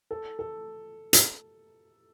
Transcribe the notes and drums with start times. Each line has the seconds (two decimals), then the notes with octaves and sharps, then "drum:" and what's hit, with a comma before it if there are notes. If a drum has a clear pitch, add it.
0.11 A4
0.39 A4
1.13 drum: hi-hat